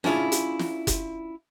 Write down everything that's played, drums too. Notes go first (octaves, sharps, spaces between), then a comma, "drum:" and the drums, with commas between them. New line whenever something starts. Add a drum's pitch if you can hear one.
C#4 D4 E4 F4 G#4, drum: snare
drum: hi-hat
drum: snare
drum: kick F#1, hi-hat